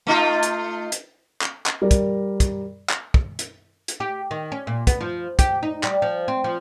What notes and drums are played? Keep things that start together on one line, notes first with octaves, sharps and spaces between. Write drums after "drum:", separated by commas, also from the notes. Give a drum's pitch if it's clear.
A3 D#4 F4
drum: hi-hat
drum: hi-hat
drum: clap
drum: clap
G3 A#4 D5
drum: kick, hi-hat
drum: kick, hi-hat
drum: clap
drum: kick
drum: hi-hat
drum: hi-hat
G4
D#3
C#4
A#2
B3, drum: kick, hi-hat
F3
G4, drum: kick, hi-hat
D#4
G3, drum: clap
F3
C4
F3